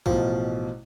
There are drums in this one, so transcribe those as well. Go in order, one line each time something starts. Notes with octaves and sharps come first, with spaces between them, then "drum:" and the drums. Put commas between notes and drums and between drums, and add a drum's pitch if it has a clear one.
A1 B2 F3, drum: kick B1